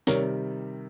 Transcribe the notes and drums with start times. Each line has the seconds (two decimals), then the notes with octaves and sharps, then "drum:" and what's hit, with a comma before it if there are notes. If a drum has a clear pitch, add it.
0.07 C3 D#3 G3 A#4 C#5, drum: snare